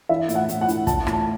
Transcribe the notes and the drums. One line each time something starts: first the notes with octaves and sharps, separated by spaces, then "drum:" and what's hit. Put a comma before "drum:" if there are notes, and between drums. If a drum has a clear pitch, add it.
E3 E5
A2, drum: hi-hat
F#5
A2, drum: hi-hat
F#5
E3, drum: hi-hat
E3 A5, drum: kick, hi-hat
A2, drum: rim click
A5